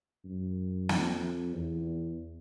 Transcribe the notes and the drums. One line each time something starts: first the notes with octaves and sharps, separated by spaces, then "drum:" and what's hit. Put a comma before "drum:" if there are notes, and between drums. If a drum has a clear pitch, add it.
F#2
F2, drum: snare
E2